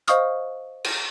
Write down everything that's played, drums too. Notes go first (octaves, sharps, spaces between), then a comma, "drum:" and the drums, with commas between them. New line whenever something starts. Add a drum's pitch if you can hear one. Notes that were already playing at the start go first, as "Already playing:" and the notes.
C5 D#5 F5 C#6 D#6 F6, drum: hi-hat
drum: cymbal